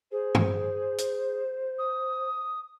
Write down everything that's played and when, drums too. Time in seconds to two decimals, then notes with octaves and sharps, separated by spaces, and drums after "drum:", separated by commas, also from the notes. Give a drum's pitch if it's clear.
0.12 G#4 C5
0.35 drum: tom G2
0.98 drum: hi-hat
1.79 D#6